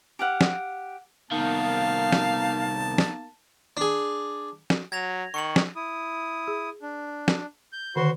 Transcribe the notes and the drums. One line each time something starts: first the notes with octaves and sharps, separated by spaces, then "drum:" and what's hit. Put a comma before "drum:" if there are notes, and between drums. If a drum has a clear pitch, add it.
G4 F5 F#5
drum: snare
C2 D#3 A#3 B3 D#4 F5 A5
drum: snare
drum: snare
D4 G#4
drum: snare
F#3 G#6 A#6 F7
D#3 C#6 C#7 F#7
drum: snare
E4 D#6
G#4
D4
drum: snare
G6
D3 D#3 F#4 C5 C#5 C6